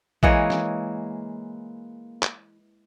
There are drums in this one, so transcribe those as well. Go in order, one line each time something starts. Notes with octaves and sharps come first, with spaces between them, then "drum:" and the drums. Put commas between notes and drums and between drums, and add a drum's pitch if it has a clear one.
E3 G#3 A#3 C#5, drum: kick A#1
drum: snare
drum: clap